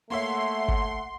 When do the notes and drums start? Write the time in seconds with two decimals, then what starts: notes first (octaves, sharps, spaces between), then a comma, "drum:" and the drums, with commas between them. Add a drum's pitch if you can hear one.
0.10 A3 A#3 C#5 E5 F#5 C6
0.68 drum: kick G1